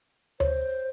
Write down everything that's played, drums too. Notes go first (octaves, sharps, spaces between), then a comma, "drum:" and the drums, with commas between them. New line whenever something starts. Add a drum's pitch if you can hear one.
C5 C#5, drum: tom D2